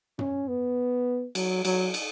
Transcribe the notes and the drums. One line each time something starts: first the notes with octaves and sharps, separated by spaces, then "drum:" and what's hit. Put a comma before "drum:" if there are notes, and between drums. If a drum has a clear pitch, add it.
C#4, drum: tom
B3
F#3, drum: cymbal
F#3, drum: cymbal
drum: cymbal